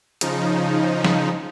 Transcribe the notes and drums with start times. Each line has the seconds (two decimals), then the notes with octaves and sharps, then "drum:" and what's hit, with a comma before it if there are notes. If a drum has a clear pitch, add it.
0.21 C#3 F3 D#4, drum: hi-hat
1.05 drum: snare